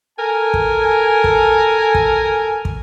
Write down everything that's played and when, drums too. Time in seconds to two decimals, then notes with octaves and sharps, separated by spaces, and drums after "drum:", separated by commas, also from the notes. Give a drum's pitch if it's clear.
0.18 A4 A#4 G#5
0.54 drum: kick
1.24 drum: kick
1.94 drum: kick
2.65 drum: kick